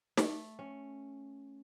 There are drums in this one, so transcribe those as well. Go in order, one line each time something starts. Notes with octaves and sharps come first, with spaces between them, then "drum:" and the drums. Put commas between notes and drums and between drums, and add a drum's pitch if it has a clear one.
A3, drum: snare
C#4